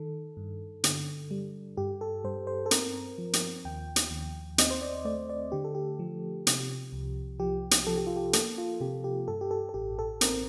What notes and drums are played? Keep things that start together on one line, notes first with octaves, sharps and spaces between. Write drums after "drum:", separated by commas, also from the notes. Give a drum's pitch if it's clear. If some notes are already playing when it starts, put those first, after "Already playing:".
Already playing: D#3 A4
G2
D3, drum: hi-hat
G3
G2 G4
A4
G2 C5
C5
A4
C4 A#4, drum: hi-hat
F3
drum: hi-hat
D#2 G5
drum: hi-hat
D#2
C4 D#5, drum: hi-hat
C5
D5
A3 D5
D5
D3 G4
A4
G4
F3
C3, drum: hi-hat
C2
F3 G4
drum: hi-hat
F3 A4
G4
F4
G4
A#3 A4, drum: hi-hat
F4
C3 G4
G4
G2 A4
G4
A4
A4
A1 G4
A4
C4 A#4, drum: hi-hat